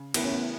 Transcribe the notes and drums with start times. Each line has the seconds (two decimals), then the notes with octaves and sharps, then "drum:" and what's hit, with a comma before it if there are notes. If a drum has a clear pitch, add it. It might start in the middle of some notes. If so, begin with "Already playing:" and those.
Already playing: C#3
0.14 E3 A3 B3 E4 B4, drum: cymbal
0.23 C#4
0.32 B3